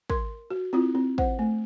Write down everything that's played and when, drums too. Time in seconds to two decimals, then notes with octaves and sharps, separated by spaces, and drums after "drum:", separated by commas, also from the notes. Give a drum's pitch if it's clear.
0.10 A#4 C6, drum: kick
0.50 F#4
0.73 C4 E4 F4
0.95 C4
1.18 C5 F#5, drum: kick
1.39 A3